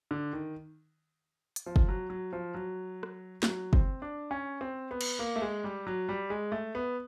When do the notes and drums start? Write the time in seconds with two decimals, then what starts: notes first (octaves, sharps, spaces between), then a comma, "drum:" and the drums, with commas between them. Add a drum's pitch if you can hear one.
0.11 D3
0.33 D#3
1.56 drum: hi-hat
1.66 F3
1.76 drum: kick
1.89 F#3
2.10 F#3
2.33 F3
2.55 F#3
3.03 drum: rim click
3.43 F#3, drum: snare
3.73 C4, drum: kick
4.02 D4
4.31 C#4
4.61 C4
4.91 B3
5.01 drum: cymbal
5.19 A#3
5.36 A3
5.42 G#3
5.64 G3
5.87 F#3
6.09 G3
6.30 G#3
6.52 A3
6.75 B3